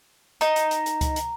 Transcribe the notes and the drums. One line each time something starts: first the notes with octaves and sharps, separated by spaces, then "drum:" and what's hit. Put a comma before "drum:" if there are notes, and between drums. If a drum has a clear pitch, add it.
D#4 A#5, drum: hi-hat
drum: hi-hat
drum: hi-hat
drum: hi-hat
drum: kick C#2, hi-hat
drum: hi-hat